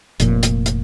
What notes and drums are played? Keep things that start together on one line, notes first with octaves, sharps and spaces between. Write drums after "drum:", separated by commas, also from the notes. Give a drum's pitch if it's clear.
F1 A#2, drum: hi-hat
drum: hi-hat
drum: hi-hat